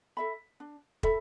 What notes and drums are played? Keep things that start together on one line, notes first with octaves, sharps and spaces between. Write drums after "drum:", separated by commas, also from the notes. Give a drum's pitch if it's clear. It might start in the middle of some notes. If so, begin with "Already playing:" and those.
A4 E5 B5
D4
A4 E5 B5, drum: kick